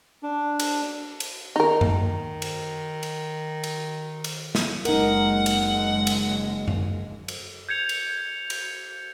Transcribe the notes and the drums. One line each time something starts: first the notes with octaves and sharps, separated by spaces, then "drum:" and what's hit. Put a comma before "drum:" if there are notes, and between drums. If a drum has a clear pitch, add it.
D4
drum: cymbal
drum: cymbal
D#3 D#4 A#4
drum: tom F#2
drum: cymbal
drum: cymbal
drum: cymbal
drum: cymbal
drum: snare
F#1 G#3 D#4 A#4 F#5, drum: cymbal
drum: cymbal
drum: cymbal
drum: tom F#2
drum: cymbal
G6 G#6 C#7 F7
drum: cymbal
drum: cymbal